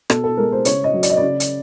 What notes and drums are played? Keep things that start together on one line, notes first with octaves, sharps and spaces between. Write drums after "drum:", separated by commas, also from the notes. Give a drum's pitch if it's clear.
B2 A4, drum: rim click
A4
G#3 A#4
C5
C#3 C#5, drum: hi-hat
D#5
F#3
D5, drum: hi-hat
D#5
C#3 D5
drum: hi-hat